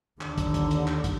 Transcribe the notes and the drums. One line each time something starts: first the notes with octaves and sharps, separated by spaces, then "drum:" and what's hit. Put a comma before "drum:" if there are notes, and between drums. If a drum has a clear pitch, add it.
D#2 D3, drum: clap
drum: kick, hi-hat
drum: kick, hi-hat
drum: hi-hat
drum: clap
drum: kick, hi-hat